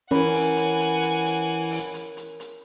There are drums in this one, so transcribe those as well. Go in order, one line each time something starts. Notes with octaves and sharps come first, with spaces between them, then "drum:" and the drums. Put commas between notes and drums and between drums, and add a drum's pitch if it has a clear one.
E3 C#4 E4 A#4 C#5 F#5 G#5 B5
drum: open hi-hat
drum: hi-hat
drum: hi-hat
drum: hi-hat
drum: hi-hat
drum: open hi-hat
drum: hi-hat
drum: hi-hat
drum: hi-hat